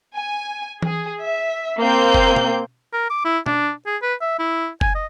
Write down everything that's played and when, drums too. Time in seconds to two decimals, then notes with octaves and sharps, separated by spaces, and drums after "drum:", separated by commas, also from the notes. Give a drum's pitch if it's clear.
0.14 G#5
0.82 G#4, drum: tom E3
1.22 E5
1.79 A#3 C4 G6
2.14 drum: kick F#1
2.36 drum: tom
2.93 A#4
3.10 D6
3.25 E4
3.46 D4, drum: tom
3.86 G#4
4.02 B4
4.21 E5
4.39 E4
4.81 G#5, drum: kick F#1
4.95 D#5